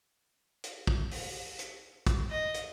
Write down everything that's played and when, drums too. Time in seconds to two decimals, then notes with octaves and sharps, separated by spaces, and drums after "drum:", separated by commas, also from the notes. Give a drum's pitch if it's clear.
0.64 drum: hi-hat
0.87 drum: kick
1.11 drum: open hi-hat
1.59 drum: hi-hat
2.07 drum: kick, hi-hat
2.30 D#5
2.54 drum: hi-hat